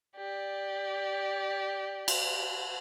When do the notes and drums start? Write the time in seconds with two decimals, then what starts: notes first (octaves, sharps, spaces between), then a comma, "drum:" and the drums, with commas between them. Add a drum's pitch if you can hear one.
0.16 G4 D5
2.08 drum: cymbal